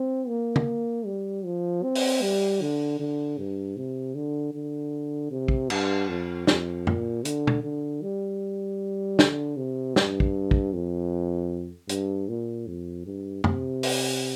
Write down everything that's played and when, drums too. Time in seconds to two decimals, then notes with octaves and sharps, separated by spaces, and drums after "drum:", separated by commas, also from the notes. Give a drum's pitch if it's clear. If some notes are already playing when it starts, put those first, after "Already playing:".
Already playing: C4
0.28 A#3
0.56 drum: tom
1.06 G3
1.45 F3
1.83 C4
1.95 drum: open hi-hat
2.22 G3
2.61 D3
3.00 D3
3.38 G2
3.77 C3
4.15 D3
4.54 D3
5.31 C3
5.48 drum: kick
5.70 G2, drum: cymbal
6.09 F2
6.47 F2, drum: snare
6.87 A#2, drum: tom
7.25 D3, drum: hi-hat
7.47 drum: tom
7.64 D3
8.02 G3
9.19 D3, drum: snare
9.57 C3
9.96 G2, drum: snare
10.20 drum: kick
10.51 drum: kick
10.74 F2
11.89 G2, drum: hi-hat
12.29 A#2
12.67 F2
13.06 G2
13.44 C3, drum: tom
13.83 drum: open hi-hat